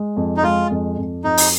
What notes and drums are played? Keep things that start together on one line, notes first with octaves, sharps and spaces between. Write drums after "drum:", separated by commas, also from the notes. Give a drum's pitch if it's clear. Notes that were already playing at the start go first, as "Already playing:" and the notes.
Already playing: G#3
F2
D#4
G#3 F4
F2
F2
F2 D#4
drum: open hi-hat